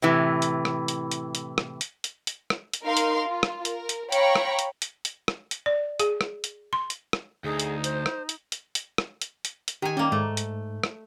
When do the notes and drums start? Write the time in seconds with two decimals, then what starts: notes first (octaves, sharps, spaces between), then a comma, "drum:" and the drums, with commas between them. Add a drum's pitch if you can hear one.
0.02 A2 C3 E3
0.42 drum: hi-hat
0.65 drum: rim click
0.88 drum: hi-hat
1.12 drum: hi-hat
1.35 drum: hi-hat
1.58 drum: rim click
1.81 drum: hi-hat
2.04 drum: hi-hat
2.27 drum: hi-hat
2.50 drum: rim click
2.74 drum: hi-hat
2.85 D#4 A#4 F5 C6
2.97 drum: hi-hat
3.28 F4
3.43 drum: rim click
3.65 A#4, drum: hi-hat
3.89 drum: hi-hat
4.12 C#5 F5 G5 A#5 B5 C#6, drum: hi-hat
4.36 drum: rim click
4.59 drum: hi-hat
4.82 drum: hi-hat
5.05 drum: hi-hat
5.28 drum: rim click
5.51 drum: hi-hat
5.66 D5
5.99 G#4, drum: hi-hat
6.21 drum: rim click
6.44 drum: hi-hat
6.73 C6
6.90 drum: hi-hat
7.13 drum: rim click
7.44 D2 D#4 G#4
7.60 drum: hi-hat
7.84 C5, drum: hi-hat
8.06 drum: rim click
8.29 drum: hi-hat
8.52 drum: hi-hat
8.75 drum: hi-hat
8.98 drum: rim click
9.22 drum: hi-hat
9.45 drum: hi-hat
9.68 drum: hi-hat
9.82 D#3 G4 G#5
9.97 G3 A#3 C#4
10.12 G#2 A3
10.37 drum: hi-hat
10.84 drum: rim click